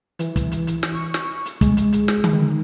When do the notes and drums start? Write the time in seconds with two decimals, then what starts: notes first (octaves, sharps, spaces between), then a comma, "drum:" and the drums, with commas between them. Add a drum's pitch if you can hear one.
0.19 E3, drum: hi-hat
0.36 drum: kick, hi-hat
0.51 drum: hi-hat
0.67 drum: hi-hat
0.83 drum: snare
0.92 C#6
1.14 drum: snare
1.45 drum: hi-hat
1.61 G#3, drum: kick, hi-hat
1.77 drum: hi-hat
1.92 drum: hi-hat
2.08 drum: snare
2.24 drum: tom D3
2.33 D#3